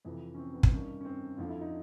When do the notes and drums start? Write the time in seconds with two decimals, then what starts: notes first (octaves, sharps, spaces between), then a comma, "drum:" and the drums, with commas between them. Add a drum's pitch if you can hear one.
0.05 F2 C3 E3
0.34 C#4
0.38 C4
0.54 B3
0.63 C4, drum: kick
0.71 G2 D#3 C#4
1.00 C#4
1.05 C4
1.37 F2 D3 F3 F4
1.49 E4
1.61 D#4